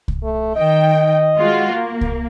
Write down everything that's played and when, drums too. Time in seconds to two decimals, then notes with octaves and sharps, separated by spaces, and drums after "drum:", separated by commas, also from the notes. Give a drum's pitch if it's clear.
0.08 drum: kick C2
0.23 A3
0.56 D#3 D#5 G5
1.37 G#3 F4 F#4
1.71 A#3
2.01 drum: kick C2